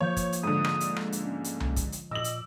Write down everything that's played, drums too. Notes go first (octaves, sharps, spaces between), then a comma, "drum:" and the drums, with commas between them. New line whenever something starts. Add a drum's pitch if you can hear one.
F3 A#3 C#5 G6
drum: kick, hi-hat
drum: hi-hat
G#2 D3 D#6
drum: rim click
drum: hi-hat
drum: rim click
drum: hi-hat
C#4
drum: hi-hat
drum: tom C2
drum: kick, hi-hat
drum: hi-hat
A#2 D#5 D6 E6 F#7
drum: hi-hat